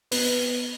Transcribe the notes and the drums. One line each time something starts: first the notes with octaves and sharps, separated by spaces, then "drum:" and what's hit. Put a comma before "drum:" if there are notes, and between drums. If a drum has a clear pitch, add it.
B3, drum: open hi-hat